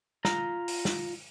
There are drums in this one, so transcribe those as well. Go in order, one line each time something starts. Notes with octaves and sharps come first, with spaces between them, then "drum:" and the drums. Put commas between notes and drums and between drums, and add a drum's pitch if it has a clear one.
F4 A#5, drum: snare
drum: open hi-hat
drum: snare